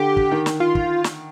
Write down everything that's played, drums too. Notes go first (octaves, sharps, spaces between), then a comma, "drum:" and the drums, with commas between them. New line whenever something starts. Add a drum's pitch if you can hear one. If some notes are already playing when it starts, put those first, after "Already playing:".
Already playing: D3 G4
drum: kick
D#3
drum: snare
F4
drum: kick
drum: snare